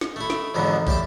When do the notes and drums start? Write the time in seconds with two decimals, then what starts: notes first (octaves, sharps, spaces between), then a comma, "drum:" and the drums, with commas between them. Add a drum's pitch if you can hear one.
0.01 drum: snare
0.16 A3 E4
0.30 drum: snare
0.54 F2 G#2 D3 E3 F#3 B3
0.87 A2 G4 D5 A5 D6, drum: kick